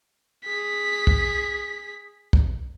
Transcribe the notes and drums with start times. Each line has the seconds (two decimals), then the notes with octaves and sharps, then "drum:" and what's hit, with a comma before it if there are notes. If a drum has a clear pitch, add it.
0.44 G#4 B6
1.07 drum: kick
2.33 drum: kick